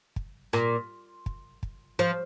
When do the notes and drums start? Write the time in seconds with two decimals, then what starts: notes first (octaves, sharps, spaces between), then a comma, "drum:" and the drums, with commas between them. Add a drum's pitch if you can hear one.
0.16 drum: kick
0.53 A#2, drum: rim click
1.26 drum: kick
1.63 drum: kick
1.99 F3